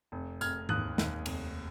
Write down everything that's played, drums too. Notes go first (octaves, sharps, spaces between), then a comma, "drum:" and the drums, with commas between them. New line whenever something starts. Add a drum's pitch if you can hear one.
F1
F1 F6 G#6, drum: tambourine
D#2 D#6 F#6, drum: tom G#2
D#2, drum: snare
F1, drum: cymbal